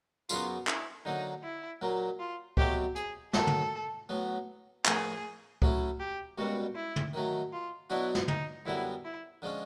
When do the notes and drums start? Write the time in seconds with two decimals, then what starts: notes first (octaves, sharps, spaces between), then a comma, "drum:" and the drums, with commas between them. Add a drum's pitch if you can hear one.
0.29 F#2 C#3 F#3 B3 F4, drum: tambourine
0.67 E4, drum: clap
1.05 D3 F#3 A#3 D#4
1.43 E4
1.81 A#2 F#3 A#3
2.20 F4
2.57 B2 F#3 A3 C4 G4, drum: kick C#2
2.96 G#4, drum: hi-hat
3.33 F#2 D#3 F#3 A4, drum: snare
3.47 drum: tom
4.09 A2 F#3 B3
4.85 A2 F3 A#3 G#4, drum: clap
5.62 F#3 A3 C#4 E4, drum: kick C#2
6.00 G4
6.38 C#2 B2 G3 A#3 F#4
6.76 E4
6.96 drum: tom
7.13 D#3 F#3 A3
7.53 F4
7.90 B2 F#3 B3 D4 E4 F#4
8.15 drum: snare
8.28 D#4, drum: tom
8.66 F#2 D3 G3 B3 E4
9.05 E4
9.42 D3 F3 G#3 C#4